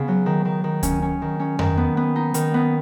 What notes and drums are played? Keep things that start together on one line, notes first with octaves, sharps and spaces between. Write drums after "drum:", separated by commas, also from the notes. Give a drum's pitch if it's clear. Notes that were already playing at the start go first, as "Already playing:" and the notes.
Already playing: C#3 B3
F#3
D#3
D#3
D#3
C#4, drum: kick C#2, hi-hat
C#4
D#3
C#4
D#3, drum: tom F2
B3
B3
D#4
D#3, drum: hi-hat
B3